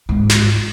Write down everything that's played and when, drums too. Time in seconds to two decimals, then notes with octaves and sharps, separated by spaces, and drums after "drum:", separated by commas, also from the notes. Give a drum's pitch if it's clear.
0.09 G#2
0.29 drum: snare